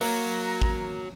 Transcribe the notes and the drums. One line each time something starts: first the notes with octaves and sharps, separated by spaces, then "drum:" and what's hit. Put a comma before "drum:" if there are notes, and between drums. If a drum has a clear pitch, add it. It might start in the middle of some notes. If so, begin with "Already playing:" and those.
F#3 A#3 A#5, drum: open hi-hat
drum: kick G#1